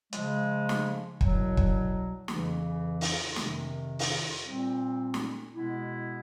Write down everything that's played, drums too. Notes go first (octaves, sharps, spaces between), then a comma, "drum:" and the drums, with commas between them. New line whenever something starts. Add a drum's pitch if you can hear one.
C#3 F3 G#3, drum: hi-hat
drum: snare
C2 B2 F#3, drum: kick
drum: kick
F2 C#3 E3, drum: snare
drum: open hi-hat
F2 C3 D#3, drum: snare
drum: open hi-hat
A#2 G3 C4
drum: snare
B2 G#3 B3 E4